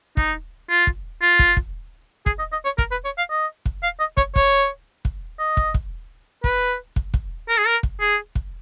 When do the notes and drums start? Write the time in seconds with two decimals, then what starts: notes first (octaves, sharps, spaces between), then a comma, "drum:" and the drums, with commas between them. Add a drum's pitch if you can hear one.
0.17 D#4, drum: kick
0.70 F4
0.87 drum: kick
1.22 F4
1.39 drum: kick
1.57 drum: kick
2.26 G#4, drum: kick
2.39 D#5
2.52 D#5
2.65 C#5
2.78 A#4, drum: kick
2.91 B4
3.05 C#5
3.18 F5
3.31 D#5
3.65 drum: kick
3.83 F5
4.00 D#5
4.17 C#5, drum: kick
4.36 C#5, drum: kick
5.05 drum: kick
5.39 D#5
5.57 drum: kick
5.74 drum: kick
6.44 B4, drum: kick
6.96 drum: kick
7.14 drum: kick
7.49 A#4
7.58 G#4
7.67 A#4
7.83 drum: kick
8.01 G#4
8.35 drum: kick